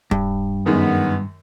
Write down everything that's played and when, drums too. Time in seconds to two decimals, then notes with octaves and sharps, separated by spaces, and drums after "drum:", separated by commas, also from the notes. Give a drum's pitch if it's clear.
0.11 G2, drum: kick D1
0.66 F#2 D#3 G#3 B3